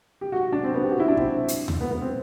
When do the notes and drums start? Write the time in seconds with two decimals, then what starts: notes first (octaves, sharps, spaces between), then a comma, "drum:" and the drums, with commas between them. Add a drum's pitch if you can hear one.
0.21 G4
0.32 F#4
0.52 D4
0.64 C4
0.74 B3
0.84 G4
0.91 F#4
1.00 E4
1.08 D4
1.17 C4, drum: kick
1.48 drum: hi-hat
1.68 drum: tom D#2
1.81 B3
1.91 B3
2.01 C4